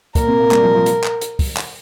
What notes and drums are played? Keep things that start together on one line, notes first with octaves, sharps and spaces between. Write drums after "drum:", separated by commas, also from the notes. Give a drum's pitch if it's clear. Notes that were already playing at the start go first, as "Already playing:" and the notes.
A#2 A#3 A#4, drum: kick, hi-hat
C3 C4
A#2 A#3
G3, drum: clap
F3
F3
drum: hi-hat
drum: clap
drum: hi-hat
drum: kick, open hi-hat
drum: clap